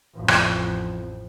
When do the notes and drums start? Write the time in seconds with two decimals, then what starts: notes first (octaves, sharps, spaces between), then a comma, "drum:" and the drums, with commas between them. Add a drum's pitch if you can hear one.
0.15 A1 F2
0.28 drum: rim click